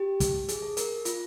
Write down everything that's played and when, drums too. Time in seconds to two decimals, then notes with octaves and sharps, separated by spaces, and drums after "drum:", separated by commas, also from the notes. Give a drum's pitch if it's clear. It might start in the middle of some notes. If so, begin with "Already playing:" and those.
Already playing: G4
0.20 drum: kick, hi-hat
0.49 G#4, drum: hi-hat
0.62 A4
0.77 A#4, drum: hi-hat
1.05 F4, drum: hi-hat